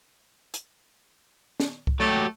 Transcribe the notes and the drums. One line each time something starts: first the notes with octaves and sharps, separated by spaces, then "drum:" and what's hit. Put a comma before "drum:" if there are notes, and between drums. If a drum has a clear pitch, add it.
drum: hi-hat
drum: snare
drum: kick C2
F#3 A3 G4